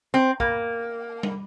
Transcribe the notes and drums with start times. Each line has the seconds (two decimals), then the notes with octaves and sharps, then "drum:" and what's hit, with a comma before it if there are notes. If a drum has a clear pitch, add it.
0.14 C4
0.40 A#3, drum: kick
1.23 drum: tom G3